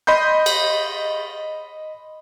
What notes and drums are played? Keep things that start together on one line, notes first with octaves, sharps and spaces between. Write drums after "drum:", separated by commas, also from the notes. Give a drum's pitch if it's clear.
D#5 B5 C6 G6
drum: cymbal